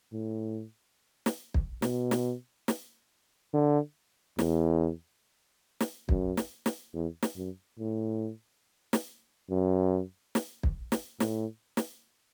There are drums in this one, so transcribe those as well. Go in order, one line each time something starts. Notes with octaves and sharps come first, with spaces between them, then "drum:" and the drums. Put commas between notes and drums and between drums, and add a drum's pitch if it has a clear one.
A2
drum: snare
drum: kick
B2, drum: snare
drum: snare
drum: snare
D3
E2, drum: snare
drum: snare
F#2, drum: kick
drum: snare
drum: snare
E2
drum: snare
F#2
A2
drum: snare
F#2
drum: snare
drum: kick
drum: snare
A2, drum: snare
drum: snare